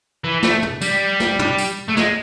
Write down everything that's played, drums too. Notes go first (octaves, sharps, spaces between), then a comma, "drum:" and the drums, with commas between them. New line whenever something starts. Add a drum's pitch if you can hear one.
E3
A3, drum: snare
drum: tom
G3, drum: tambourine
drum: snare
drum: tom
drum: tambourine
A3
G#3, drum: snare